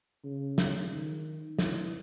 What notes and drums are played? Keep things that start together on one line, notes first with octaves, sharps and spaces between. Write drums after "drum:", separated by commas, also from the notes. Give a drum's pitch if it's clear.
C#3
drum: snare
D#3
E3, drum: snare